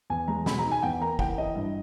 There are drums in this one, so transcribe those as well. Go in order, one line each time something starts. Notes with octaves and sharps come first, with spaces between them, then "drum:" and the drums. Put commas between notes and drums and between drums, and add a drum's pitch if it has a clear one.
E2 G#5
G#3 A#5
B2 B5, drum: snare
A#5
D#4
G#5
E2 G5
A#3 A#5
E3 G5, drum: kick
E4 D#5
G2